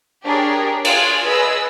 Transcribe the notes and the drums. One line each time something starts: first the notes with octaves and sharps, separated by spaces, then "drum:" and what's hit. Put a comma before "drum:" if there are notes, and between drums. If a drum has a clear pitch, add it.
D4 G4 G#4 A#4 C#5
F4 G#4, drum: cymbal
G#4 B4 D#5 E6